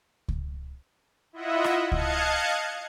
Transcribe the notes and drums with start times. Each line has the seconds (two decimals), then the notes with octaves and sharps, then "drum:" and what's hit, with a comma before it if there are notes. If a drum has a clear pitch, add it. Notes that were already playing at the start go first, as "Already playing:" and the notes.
0.28 drum: kick C#2
1.33 E4 F4 D#5 E5 F#5
1.64 drum: rim click
1.92 D#5 F5 A5 F#6 G#6 C#7, drum: kick C#2